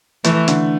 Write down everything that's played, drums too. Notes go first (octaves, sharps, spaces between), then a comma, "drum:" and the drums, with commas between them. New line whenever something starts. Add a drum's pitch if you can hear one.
E3 A3, drum: hi-hat
D3, drum: hi-hat